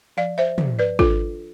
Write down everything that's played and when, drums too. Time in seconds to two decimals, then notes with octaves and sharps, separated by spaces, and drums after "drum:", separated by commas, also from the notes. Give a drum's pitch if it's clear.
0.17 F3 D5 F5
0.38 C5 E5
0.58 F3, drum: tom
0.79 B4 D5
0.99 D4 F4 A4, drum: kick G#1